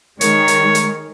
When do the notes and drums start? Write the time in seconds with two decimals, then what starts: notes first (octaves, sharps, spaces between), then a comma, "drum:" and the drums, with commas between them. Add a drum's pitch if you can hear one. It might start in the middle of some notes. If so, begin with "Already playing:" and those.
0.21 D#3 G#3 A#4 C#5, drum: hi-hat
0.48 drum: hi-hat
0.75 drum: hi-hat